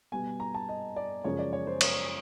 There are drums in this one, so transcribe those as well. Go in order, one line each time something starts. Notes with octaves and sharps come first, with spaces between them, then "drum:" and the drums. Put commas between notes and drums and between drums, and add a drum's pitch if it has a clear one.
B2 G3 B3 G#5
A#5
A5
D#5
D5
F#2 C#3 F3 G#3 C#4 C#5
D5
C#5
C5
C#5, drum: cymbal